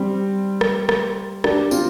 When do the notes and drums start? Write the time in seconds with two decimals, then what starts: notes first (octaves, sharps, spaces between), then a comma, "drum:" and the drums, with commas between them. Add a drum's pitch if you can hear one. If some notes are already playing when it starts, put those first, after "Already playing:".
Already playing: G3 C4
0.61 drum: rim click
0.89 drum: rim click
1.44 D4 G4, drum: rim click
1.71 C4 F4, drum: tambourine